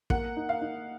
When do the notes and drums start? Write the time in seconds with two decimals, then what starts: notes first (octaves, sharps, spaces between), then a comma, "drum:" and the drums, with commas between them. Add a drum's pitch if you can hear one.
0.10 A#3 F#5, drum: kick
0.37 D#4
0.49 F5
0.62 D#4